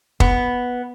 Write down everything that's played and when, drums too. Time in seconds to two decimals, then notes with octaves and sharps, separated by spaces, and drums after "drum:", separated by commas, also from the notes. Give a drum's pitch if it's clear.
0.20 B3, drum: kick